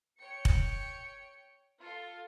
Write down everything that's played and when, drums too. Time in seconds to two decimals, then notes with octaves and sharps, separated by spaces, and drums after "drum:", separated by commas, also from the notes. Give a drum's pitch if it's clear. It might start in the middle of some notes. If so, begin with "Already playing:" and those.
0.18 C#5 G5 C#7
0.45 drum: kick
1.80 F4 A4